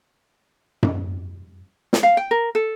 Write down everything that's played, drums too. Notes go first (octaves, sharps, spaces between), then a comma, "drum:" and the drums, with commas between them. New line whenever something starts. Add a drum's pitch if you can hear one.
drum: tom F#2
drum: snare
F5
G5
A#4
A4